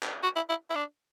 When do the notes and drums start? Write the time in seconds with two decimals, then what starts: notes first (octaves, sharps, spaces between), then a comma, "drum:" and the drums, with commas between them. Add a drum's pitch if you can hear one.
0.03 drum: clap
0.23 F#4
0.36 E4
0.49 E4
0.70 E4
0.75 D4